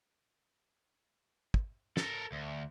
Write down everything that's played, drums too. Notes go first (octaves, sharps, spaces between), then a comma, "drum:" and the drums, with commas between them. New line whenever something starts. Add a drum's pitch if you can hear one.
drum: kick
A4 A#4, drum: snare
D2